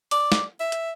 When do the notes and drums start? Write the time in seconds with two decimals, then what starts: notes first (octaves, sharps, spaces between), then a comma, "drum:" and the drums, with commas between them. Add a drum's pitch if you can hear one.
0.11 D5, drum: hi-hat
0.32 drum: snare
0.60 E5
0.72 drum: hi-hat